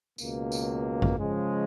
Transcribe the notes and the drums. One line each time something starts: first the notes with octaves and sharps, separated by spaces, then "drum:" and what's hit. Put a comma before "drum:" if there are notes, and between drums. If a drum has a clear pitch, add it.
C#2 B2 A#3, drum: tambourine
drum: tambourine
drum: kick
C#3 F3 G#3